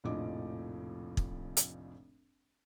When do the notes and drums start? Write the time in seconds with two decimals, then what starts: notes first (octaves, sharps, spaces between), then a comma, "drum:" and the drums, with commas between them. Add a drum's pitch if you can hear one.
0.04 F1 A#1 A2 F3 D#5 D6
1.17 drum: kick
1.57 drum: hi-hat